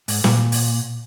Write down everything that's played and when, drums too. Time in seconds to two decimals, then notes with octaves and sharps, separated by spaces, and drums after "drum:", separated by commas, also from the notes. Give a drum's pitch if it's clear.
0.08 G#2, drum: open hi-hat
0.24 A#2, drum: snare
0.52 drum: open hi-hat